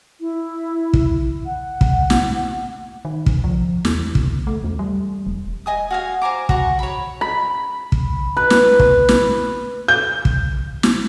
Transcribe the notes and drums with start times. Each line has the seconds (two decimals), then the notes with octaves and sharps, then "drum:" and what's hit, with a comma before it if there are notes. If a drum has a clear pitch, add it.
0.21 E4
0.94 drum: kick
1.46 F#5
1.81 drum: kick
2.10 drum: snare
3.05 D#3
3.26 drum: kick
3.44 F3
3.85 E2, drum: snare
4.15 C#2, drum: kick
4.47 A3
4.64 E2
4.79 G3
5.27 E1
5.66 D#5 G#5 D#6
5.91 F#4 F5 G#5
6.22 C5 G#5 A#5 D6
6.49 F#4 A#5 C#6, drum: kick
6.79 C#5 B5
7.21 B5
7.92 drum: kick
8.37 B4
8.50 drum: snare
8.79 drum: kick
9.09 drum: snare
9.88 G6
10.25 drum: kick
10.83 drum: snare